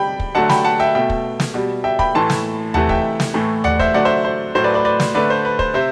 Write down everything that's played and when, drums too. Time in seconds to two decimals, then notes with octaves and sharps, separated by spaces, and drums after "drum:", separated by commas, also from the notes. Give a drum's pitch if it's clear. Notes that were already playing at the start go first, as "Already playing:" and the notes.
Already playing: C3 G3 G5 B5
0.20 drum: kick
0.35 D3 F#3 A3 F#5 A5
0.49 G5 B5, drum: snare
0.64 F#5 A5
0.80 E5 G5
0.95 B2 A3 E5 G5
1.10 drum: kick
1.40 drum: snare
1.54 B2 G3
1.84 E5 G5
1.99 G5 B5, drum: kick
2.15 A2 E3 A3 A5 C6
2.30 drum: snare
2.74 C3 E3 A3 F#5 A5, drum: tom D#2
2.89 E5 G5, drum: kick
3.20 drum: snare
3.34 A2 E3 A3
3.64 D5 F#5, drum: tom D#2
3.79 C5 E5, drum: kick
3.94 D3 F#3 A3 D5 F#5
4.05 C5 E5
4.25 C5
4.55 A2 F#3 A3 C5
4.64 B4 D5
4.74 B4 D5
4.85 B4 D5
5.00 drum: snare
5.15 D3 A3 B4 D5
5.30 C5
5.45 B4
5.59 C5, drum: kick
5.74 C3 C5 E5